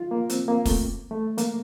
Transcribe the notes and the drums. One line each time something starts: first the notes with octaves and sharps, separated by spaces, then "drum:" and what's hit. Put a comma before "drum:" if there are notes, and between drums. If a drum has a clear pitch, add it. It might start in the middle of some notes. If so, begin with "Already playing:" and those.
Already playing: F4
A#3
C4, drum: hi-hat
A#3
A3, drum: kick, open hi-hat
A3
A#3, drum: hi-hat